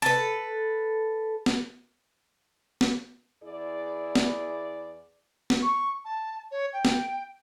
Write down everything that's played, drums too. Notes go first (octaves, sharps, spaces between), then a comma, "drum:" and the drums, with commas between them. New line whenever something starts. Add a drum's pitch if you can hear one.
A4 B4
drum: snare
drum: snare
E2 E4 G#4 D5
drum: snare
drum: snare
C#6
A5
C#5
G5
drum: snare